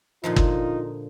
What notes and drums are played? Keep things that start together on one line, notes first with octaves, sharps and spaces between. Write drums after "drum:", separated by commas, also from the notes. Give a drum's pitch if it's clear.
A#2 D3 F3 D#4 F4
drum: kick G1